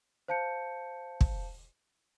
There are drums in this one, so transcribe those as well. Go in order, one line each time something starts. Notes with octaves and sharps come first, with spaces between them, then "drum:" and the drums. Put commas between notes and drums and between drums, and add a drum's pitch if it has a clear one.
C5 F5 A5 G6 C#7
drum: kick